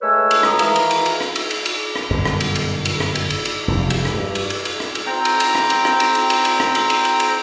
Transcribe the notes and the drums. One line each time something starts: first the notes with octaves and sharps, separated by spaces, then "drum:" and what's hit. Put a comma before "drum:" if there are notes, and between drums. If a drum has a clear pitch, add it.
G#3 A3 B4 C#5 G#5 E6
drum: cymbal
C#2 A2 G#3 A#5 D#6, drum: rim click
D#3 E3 E5 F5 A#5, drum: cymbal
drum: cymbal
drum: cymbal
drum: cymbal
drum: rim click
drum: cymbal
drum: cymbal
drum: cymbal
drum: rim click
G1 F#2 B2
drum: rim click
drum: cymbal
drum: cymbal
drum: cymbal
drum: rim click
drum: cymbal
drum: cymbal
drum: cymbal
F1 E2 G2
drum: cymbal
drum: rim click
G2
drum: cymbal
drum: cymbal
drum: cymbal
drum: rim click
drum: cymbal
C4 G5 A#5
drum: cymbal
drum: cymbal
drum: rim click
drum: cymbal
drum: rim click
drum: cymbal
drum: cymbal
drum: cymbal
drum: cymbal
drum: rim click
drum: cymbal
drum: cymbal
drum: cymbal
drum: cymbal